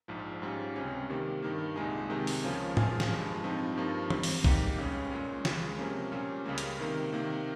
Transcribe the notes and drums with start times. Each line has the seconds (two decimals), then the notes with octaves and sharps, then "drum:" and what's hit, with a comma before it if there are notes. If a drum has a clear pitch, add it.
0.08 A#1 G#2 F3
0.42 G#2 G3 C#4 F4
0.76 C#2 C3 G3 C#4
1.09 C3 D#3 G3 A#3
1.43 G2 D#3 A#3
1.76 C2 A#2 G#3 D#4 G#4
2.10 C3 D#3 G#3
2.27 drum: open hi-hat
2.43 C#2 C#3 F3 A#3 C#4
2.77 A#2 F3 A#3 F4 G#4, drum: tom A2
3.00 drum: snare
3.10 G2 F3 G#3
3.44 G2 F3 C4 D#4
3.77 G2 F3 A#3 D#4
4.10 G#2 G3 C4, drum: tom E3
4.23 drum: open hi-hat
4.44 G#2 G3 A#3 D#4 G4, drum: kick A#1
4.78 C#2 C#3 G3 C#4
5.11 A#2 G#3 C#4
5.45 C#2 C#3 G#3, drum: snare
5.79 C3 F3 A#3 C#4
6.12 A#2 G3 C#4
6.45 C#2 C#3 G3 A#3
6.58 drum: hi-hat
6.79 C3 D#3 A#3
7.13 C3 D#3 A#3